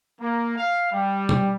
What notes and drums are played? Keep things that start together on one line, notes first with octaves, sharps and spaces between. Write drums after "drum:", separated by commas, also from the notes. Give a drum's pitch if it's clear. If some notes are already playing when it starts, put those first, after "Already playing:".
A#3
F5
G3
drum: tom